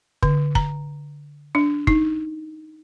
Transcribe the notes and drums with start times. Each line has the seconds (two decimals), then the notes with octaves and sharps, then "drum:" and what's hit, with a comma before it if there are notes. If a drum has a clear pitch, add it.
0.23 D3, drum: kick
0.55 A#5, drum: kick
1.55 D4
1.87 D#4, drum: kick